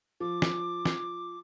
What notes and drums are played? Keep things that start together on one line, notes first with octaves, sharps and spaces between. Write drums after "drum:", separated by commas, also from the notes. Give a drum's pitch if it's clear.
F3 D6
drum: snare
drum: snare